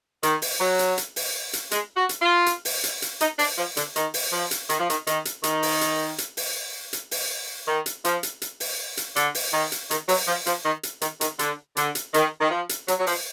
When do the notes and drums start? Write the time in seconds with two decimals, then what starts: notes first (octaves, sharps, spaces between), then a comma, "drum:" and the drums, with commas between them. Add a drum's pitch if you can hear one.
0.23 D#3, drum: hi-hat
0.42 drum: open hi-hat
0.60 F#3
0.79 drum: hi-hat
0.98 drum: hi-hat
1.16 drum: open hi-hat
1.53 drum: hi-hat
1.71 G#3, drum: hi-hat
1.97 F#4
2.09 drum: hi-hat
2.21 F4
2.46 drum: hi-hat
2.65 drum: open hi-hat
2.84 drum: hi-hat
3.02 drum: hi-hat
3.21 D#4, drum: hi-hat
3.39 D4, drum: open hi-hat
3.58 F3
3.77 D3, drum: hi-hat
3.96 D#3, drum: hi-hat
4.14 drum: open hi-hat
4.32 F3
4.51 drum: hi-hat
4.69 D#3, drum: hi-hat
4.80 F3
4.90 D#3, drum: hi-hat
5.07 D#3, drum: hi-hat
5.25 drum: hi-hat
5.44 D#3, drum: hi-hat
5.63 drum: open hi-hat
5.81 drum: hi-hat
6.18 drum: hi-hat
6.37 drum: open hi-hat
6.93 drum: hi-hat
7.11 drum: open hi-hat
7.67 D#3
7.86 drum: hi-hat
8.05 F3, drum: hi-hat
8.23 drum: hi-hat
8.42 drum: hi-hat
8.60 drum: open hi-hat
8.97 drum: hi-hat
9.16 D3, drum: hi-hat
9.35 drum: open hi-hat
9.53 D#3
9.72 drum: hi-hat
9.91 D#3, drum: hi-hat
10.08 F#3, drum: open hi-hat
10.27 F3
10.46 F3, drum: hi-hat
10.65 D#3
10.83 drum: hi-hat
11.01 D#3, drum: hi-hat
11.21 D#3, drum: hi-hat
11.39 D3, drum: hi-hat
11.77 D3, drum: hi-hat
11.95 drum: hi-hat
12.14 D#3, drum: hi-hat
12.41 D#3
12.51 F3
12.69 drum: hi-hat
12.88 F#3, drum: hi-hat
12.99 F#3
13.07 F3, drum: open hi-hat